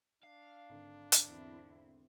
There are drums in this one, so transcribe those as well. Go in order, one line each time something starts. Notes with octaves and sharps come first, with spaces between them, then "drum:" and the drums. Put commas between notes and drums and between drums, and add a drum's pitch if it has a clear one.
D4 F5
G#1 D3
drum: hi-hat
E2 C4 E4